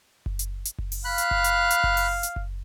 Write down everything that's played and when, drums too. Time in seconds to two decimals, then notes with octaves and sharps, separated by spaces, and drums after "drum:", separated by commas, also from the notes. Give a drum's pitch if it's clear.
0.26 drum: kick F#1
0.39 drum: hi-hat
0.65 drum: hi-hat
0.78 drum: kick F#1
0.92 drum: open hi-hat
1.05 F5 B5 F#6
1.18 drum: hi-hat
1.31 drum: kick F#1
1.44 drum: hi-hat
1.70 drum: hi-hat
1.84 drum: kick F#1
1.97 drum: open hi-hat
2.23 drum: hi-hat
2.36 drum: kick F#1